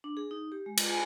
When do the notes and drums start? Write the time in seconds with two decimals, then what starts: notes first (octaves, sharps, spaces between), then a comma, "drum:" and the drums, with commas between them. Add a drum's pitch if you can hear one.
0.04 D4
0.17 G#4
0.31 D#4
0.52 G4
0.66 G#3
0.77 F4, drum: cymbal
0.89 G#5